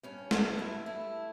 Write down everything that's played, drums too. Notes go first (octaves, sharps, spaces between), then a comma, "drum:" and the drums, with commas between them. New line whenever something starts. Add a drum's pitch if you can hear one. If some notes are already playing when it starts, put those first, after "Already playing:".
G2 C#4
E3 D4, drum: snare
G2 E4
A3 E4